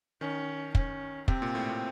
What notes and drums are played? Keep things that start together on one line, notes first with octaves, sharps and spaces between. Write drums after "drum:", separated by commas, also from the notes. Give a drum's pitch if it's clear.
D#3 C#4
C#4, drum: kick
C3 C4, drum: kick
A#2
A2
A#2